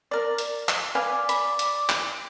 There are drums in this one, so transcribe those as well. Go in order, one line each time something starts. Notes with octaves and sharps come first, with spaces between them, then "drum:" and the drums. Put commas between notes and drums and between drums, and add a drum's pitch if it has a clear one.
A#4 D5
drum: hi-hat
drum: clap
B4 D5 F5 G#5
B5, drum: hi-hat
drum: hi-hat
drum: clap